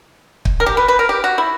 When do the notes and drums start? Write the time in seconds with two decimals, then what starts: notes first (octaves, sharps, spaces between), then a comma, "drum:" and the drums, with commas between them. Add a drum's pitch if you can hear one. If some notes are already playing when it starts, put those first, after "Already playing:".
0.45 drum: kick
0.60 A#4
0.66 G4
0.77 B4
0.88 B4
0.99 A#4
1.09 G4
1.24 F#4
1.38 E4